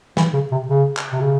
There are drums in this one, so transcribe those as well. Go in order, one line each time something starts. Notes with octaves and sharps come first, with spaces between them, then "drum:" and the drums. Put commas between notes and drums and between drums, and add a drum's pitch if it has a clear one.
E3, drum: snare
C#3
C3
C#3
drum: clap
C3
C#3